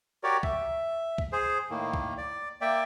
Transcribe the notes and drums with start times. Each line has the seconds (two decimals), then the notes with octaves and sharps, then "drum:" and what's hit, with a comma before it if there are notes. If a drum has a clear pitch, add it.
0.24 F#4 G4 A#4 C#5 D5
0.43 E5, drum: kick
1.18 drum: kick
1.33 G#4 C5
1.71 A2 D#3 A#3
1.94 drum: kick
2.18 D5
2.61 A#3 D5 E5 G5